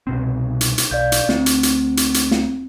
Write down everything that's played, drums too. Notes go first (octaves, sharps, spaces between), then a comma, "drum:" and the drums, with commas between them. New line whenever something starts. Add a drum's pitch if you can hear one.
C2 B2 C4
drum: hi-hat
drum: hi-hat
B1 D5 F5 G6
drum: hi-hat
D2 C4, drum: snare
drum: hi-hat
drum: hi-hat
drum: hi-hat
drum: hi-hat
drum: snare